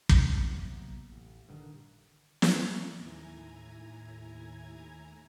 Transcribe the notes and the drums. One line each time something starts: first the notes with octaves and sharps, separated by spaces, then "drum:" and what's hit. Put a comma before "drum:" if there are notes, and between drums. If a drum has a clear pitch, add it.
F#3 G3 A3 C4, drum: kick
C3 F#3 A#3 B3
A1
G2 A#2 D3 D#3
drum: snare
D#2 A2 E4 G#5 A#5 G#6